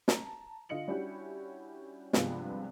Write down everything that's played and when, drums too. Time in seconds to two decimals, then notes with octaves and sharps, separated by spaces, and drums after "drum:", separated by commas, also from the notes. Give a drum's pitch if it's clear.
0.08 A5 A#5, drum: snare
0.69 D3 F4 D#5 C#7 F#7
0.88 G3 C#4 D4 E4 F#4 G4
2.13 G2 C3 F3 G#3 B3 F4, drum: snare